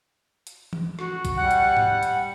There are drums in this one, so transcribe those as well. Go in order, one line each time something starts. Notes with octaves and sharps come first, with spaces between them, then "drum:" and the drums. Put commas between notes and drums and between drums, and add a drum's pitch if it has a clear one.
drum: hi-hat
drum: tom E3
F#4, drum: rim click
drum: kick, hi-hat
G3 F#5
drum: hi-hat
drum: tom G#2
drum: hi-hat